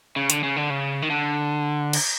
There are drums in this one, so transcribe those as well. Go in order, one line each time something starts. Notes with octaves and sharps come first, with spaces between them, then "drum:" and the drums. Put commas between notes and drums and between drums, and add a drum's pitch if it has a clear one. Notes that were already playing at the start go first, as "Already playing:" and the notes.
C#3
D3, drum: hi-hat
C#3
D3
C#3
D#3
D3
drum: cymbal